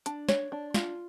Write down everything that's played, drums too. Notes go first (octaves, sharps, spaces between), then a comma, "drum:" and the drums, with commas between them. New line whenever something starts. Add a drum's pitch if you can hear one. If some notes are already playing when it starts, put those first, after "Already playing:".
D4, drum: hi-hat
C#5, drum: snare
D4
F4, drum: snare